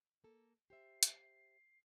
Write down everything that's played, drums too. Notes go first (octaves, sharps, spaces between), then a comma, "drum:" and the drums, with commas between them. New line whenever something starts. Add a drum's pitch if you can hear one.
A#3 A4
G4 C5 E5 C7
drum: hi-hat